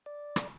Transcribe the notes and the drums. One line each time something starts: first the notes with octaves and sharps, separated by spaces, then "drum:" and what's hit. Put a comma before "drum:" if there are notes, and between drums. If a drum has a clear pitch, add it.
D5
drum: rim click